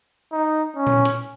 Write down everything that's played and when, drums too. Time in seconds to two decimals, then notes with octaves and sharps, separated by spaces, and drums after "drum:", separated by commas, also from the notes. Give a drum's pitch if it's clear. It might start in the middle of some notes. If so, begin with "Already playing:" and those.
0.32 D#4
0.76 C#4
0.87 drum: tom A#2
1.05 drum: hi-hat